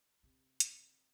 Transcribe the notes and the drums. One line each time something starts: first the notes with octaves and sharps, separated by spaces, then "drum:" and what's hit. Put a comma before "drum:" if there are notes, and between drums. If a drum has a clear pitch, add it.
C3
drum: hi-hat